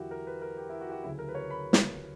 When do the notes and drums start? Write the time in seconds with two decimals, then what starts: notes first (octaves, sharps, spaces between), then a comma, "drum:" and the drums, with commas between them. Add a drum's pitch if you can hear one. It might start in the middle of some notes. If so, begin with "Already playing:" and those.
Already playing: E2 D3 F#3 E4 F#4 G4 A#4
0.11 A#4
0.27 B4
0.42 A#4
0.57 G4
0.69 E4
0.81 F#4
0.87 G4
0.92 F#4
1.03 D2 C#3 F#3 E4
1.19 A#4
1.28 B4
1.35 C#5
1.50 B5
1.73 drum: snare